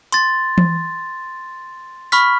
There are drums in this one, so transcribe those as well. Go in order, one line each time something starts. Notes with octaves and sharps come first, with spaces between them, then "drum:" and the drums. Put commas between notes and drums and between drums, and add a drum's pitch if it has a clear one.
C6 A6, drum: hi-hat
drum: tom E3
B5 C#6 F6 B6, drum: tambourine